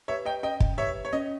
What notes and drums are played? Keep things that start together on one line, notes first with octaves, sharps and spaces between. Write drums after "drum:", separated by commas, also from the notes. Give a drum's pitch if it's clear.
G4 B4 C#5 E5
D#5 G5
C#4 D#5 G5
drum: kick
G4 B4 C#5 E5
C#5
C#4 D#5